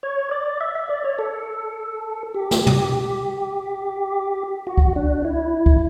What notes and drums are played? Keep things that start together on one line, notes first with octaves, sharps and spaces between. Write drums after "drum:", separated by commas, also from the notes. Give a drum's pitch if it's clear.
C#5
D5
E5
E5
D5
C#5
A4
G4
drum: snare
drum: tom
F#4
drum: kick C#2
D4
E4
drum: kick C#2